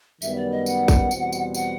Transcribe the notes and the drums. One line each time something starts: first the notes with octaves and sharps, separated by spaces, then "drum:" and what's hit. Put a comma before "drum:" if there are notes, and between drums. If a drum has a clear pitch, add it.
F#2 D#3 G3 B3 E5, drum: tambourine
D5
D#5
F#5, drum: tambourine
drum: kick, tambourine
E2 B2 G3 C4, drum: tambourine
drum: tambourine
F#5, drum: tambourine